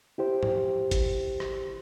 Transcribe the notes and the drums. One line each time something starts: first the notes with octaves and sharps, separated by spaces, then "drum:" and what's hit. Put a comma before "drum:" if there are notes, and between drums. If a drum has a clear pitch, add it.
E4 G4 C5
drum: tom G#2
drum: kick G#1, hi-hat
drum: rim click